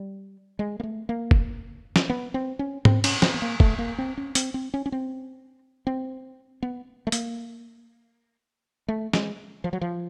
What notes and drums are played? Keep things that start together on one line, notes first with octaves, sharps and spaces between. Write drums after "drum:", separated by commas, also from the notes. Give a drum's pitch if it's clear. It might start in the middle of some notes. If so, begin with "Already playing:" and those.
Already playing: G3
G#3
A#3
A3
A#3
drum: kick
drum: snare
B3
C4
C#4
C4, drum: tom G#2
C#4, drum: cymbal
C4, drum: snare
B3
A#3
A3, drum: kick
A#3
C4
C#4
C4, drum: hi-hat
C4
C#4
C#4
C4
C4
B3
A3
A#3, drum: hi-hat
A3
G#3, drum: snare
F3
F#3
F3